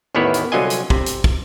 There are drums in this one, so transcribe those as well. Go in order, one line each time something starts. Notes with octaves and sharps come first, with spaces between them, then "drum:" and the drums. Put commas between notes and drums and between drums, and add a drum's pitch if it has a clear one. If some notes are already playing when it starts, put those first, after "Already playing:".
A1 E2 D#3 B3 E4 C#5
drum: hi-hat
C2 D3 F#3 F4 D#5 G#5
drum: hi-hat
C3, drum: kick
drum: hi-hat
drum: kick